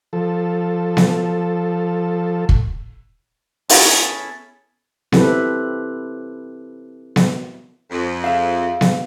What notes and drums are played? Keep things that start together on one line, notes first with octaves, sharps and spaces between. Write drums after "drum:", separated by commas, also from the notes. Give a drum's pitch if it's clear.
F3 A4
drum: snare B3
drum: kick
B3 C#4 E4 G#4 A4, drum: open hi-hat
C4 E4 G4 A4 B4, drum: snare B3
drum: snare B3
F2
G#4 E5 F5
drum: snare B3